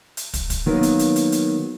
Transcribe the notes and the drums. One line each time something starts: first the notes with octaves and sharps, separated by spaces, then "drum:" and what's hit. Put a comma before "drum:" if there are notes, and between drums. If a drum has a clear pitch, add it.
drum: hi-hat
drum: kick, hi-hat
drum: kick, hi-hat
D#3 F#3 A#3 B3
drum: hi-hat
drum: hi-hat
drum: hi-hat
drum: hi-hat